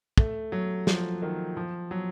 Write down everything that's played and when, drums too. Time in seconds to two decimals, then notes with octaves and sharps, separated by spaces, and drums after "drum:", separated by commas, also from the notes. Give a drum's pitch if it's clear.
0.18 A3, drum: kick
0.52 F#3
0.87 F3, drum: snare
1.22 D#3
1.57 F3
1.91 F#3